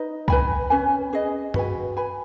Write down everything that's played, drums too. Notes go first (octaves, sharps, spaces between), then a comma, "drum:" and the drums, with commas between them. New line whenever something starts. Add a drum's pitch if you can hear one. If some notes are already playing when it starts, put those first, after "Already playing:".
Already playing: D#4 B4 D#5
B4 G#5 B5, drum: kick
C#4 B4 G#5
C#4 G#4 D#5
F#4 B4 G#5, drum: tom G2
B4 G#5 B5